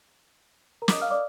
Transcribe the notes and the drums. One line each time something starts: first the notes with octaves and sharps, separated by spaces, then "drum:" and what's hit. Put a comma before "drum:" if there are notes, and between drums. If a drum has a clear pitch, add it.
A#4 A#5
D6, drum: snare
D#5 D#6
F5 F6
D5 D6